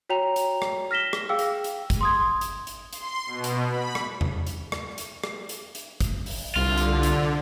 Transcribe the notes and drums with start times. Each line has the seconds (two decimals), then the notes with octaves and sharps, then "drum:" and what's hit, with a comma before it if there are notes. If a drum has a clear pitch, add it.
0.09 F#4 C#5 G5 A#5 F7
0.36 drum: hi-hat
0.62 drum: rim click
0.91 F6 A#6 B6 E7 G7
1.13 drum: rim click
1.29 G#4 F5 G5 E6
1.39 drum: hi-hat
1.64 drum: hi-hat
1.90 drum: kick, hi-hat
2.01 C6 D#6 G#6
2.41 drum: hi-hat
2.67 drum: hi-hat
2.93 C6, drum: hi-hat
3.26 B2
3.44 drum: hi-hat
3.69 B5
3.95 drum: rim click
4.21 drum: tom E2
4.47 drum: hi-hat
4.72 drum: rim click
4.98 drum: hi-hat
5.24 drum: rim click
5.49 drum: hi-hat
5.75 drum: hi-hat
6.00 drum: kick, hi-hat
6.26 drum: open hi-hat
6.56 C2 D3 F4
6.77 drum: hi-hat
7.03 drum: hi-hat